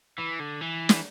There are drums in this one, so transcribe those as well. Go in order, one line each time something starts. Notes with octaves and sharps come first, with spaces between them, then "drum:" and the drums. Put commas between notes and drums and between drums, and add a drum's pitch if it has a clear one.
E3
D3
E3
drum: snare